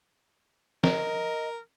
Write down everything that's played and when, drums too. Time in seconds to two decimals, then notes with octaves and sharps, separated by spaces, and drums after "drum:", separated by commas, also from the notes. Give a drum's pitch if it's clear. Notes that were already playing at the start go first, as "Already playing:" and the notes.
0.84 A#4 D#5, drum: snare